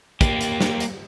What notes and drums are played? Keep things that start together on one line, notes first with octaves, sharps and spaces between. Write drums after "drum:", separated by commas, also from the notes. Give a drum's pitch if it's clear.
A#3 G4, drum: kick, hi-hat
drum: hi-hat
drum: snare
drum: hi-hat